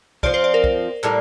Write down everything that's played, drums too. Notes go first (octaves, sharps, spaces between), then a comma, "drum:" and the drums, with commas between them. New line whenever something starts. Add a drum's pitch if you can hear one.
F3 C4 F4 D5, drum: kick
C5
D5
A#4
drum: kick
A2 G3 A#3, drum: clap